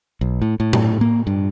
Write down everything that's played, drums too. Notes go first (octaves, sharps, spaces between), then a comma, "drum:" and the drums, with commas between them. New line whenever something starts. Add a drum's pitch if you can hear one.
B1
A2
A2
drum: tom A2
A#3
G2